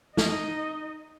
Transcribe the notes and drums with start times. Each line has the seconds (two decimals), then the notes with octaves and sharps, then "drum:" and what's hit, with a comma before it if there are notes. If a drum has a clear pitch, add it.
0.17 D#4 D#5, drum: snare